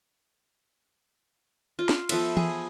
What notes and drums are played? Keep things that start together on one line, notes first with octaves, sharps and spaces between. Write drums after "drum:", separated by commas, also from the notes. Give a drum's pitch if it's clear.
F4
drum: snare
F3 B3 A4 E5, drum: cymbal
G#4, drum: tom E3